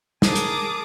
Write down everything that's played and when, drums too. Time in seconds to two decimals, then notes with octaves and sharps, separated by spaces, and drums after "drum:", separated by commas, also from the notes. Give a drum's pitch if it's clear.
0.22 G#4 A#4 G#5 A5 D6 D#6, drum: snare
0.35 drum: hi-hat